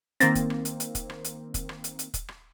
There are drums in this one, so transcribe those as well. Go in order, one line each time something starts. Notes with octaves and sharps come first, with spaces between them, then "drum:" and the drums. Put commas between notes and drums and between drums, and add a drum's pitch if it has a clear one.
D#3 A#3 C4 A6 A#6, drum: hi-hat
drum: kick, hi-hat
drum: rim click
drum: hi-hat
drum: hi-hat
drum: kick, hi-hat
drum: rim click
drum: hi-hat
drum: kick, hi-hat
drum: rim click
drum: hi-hat
drum: hi-hat
drum: kick, hi-hat
drum: rim click